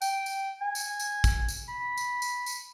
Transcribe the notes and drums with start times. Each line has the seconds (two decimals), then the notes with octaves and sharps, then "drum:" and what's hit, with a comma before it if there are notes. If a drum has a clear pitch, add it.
0.02 G5, drum: tambourine
0.26 drum: tambourine
0.61 G#5
0.75 drum: tambourine
1.00 drum: tambourine
1.24 drum: kick, tambourine
1.48 drum: tambourine
1.68 B5
1.97 drum: tambourine
2.22 drum: tambourine
2.46 drum: tambourine